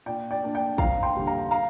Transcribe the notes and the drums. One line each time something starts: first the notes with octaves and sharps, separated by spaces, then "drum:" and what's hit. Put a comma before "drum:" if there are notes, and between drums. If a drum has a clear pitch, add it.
A#2 D5 G5
D5 G5
A#3 D4
D5 G5
F2 F5 A#5, drum: kick
G5 C6
D3 G3 A#3
F5 A#5
F5 A#5